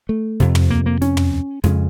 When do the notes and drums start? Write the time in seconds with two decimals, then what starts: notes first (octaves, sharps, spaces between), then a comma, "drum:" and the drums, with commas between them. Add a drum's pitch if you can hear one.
0.09 A3
0.40 F2 C3, drum: snare
0.55 drum: tom
0.70 A#3
0.86 A#3
1.02 C#4, drum: snare
1.17 drum: tom
1.63 F2 C#3 G#3, drum: snare